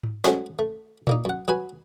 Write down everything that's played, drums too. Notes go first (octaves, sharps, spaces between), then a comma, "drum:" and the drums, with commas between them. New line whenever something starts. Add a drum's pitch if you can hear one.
drum: tom G#2
F#3 G#3 A3 C#4 F#4 C5, drum: snare
A3
A#2 A#3 D#4, drum: tom A#2
F#2 F#5
F#3 F#4 B4 G#5